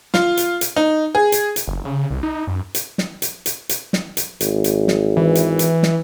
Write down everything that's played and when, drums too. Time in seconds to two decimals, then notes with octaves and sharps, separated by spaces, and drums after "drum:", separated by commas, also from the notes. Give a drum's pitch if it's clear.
0.14 F4, drum: snare
0.37 drum: hi-hat
0.61 drum: hi-hat
0.76 D#4
1.15 G#4
1.32 drum: hi-hat
1.56 drum: hi-hat
1.67 F#1
1.85 C#3
2.10 C2
2.23 D#4
2.47 F#2
2.75 drum: hi-hat
2.98 drum: snare
3.22 drum: hi-hat
3.46 drum: hi-hat
3.69 drum: hi-hat
3.93 drum: snare
4.17 drum: hi-hat
4.41 G#1, drum: hi-hat
4.64 drum: hi-hat
4.88 drum: snare
5.17 E3
5.35 drum: hi-hat
5.59 drum: hi-hat
5.83 drum: snare